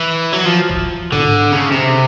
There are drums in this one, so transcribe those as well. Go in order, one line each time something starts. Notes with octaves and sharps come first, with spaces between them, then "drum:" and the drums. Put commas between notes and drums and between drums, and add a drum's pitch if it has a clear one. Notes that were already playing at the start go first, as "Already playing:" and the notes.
Already playing: E3
F#3
F3
drum: kick
D3, drum: tom G#2
C#3
C3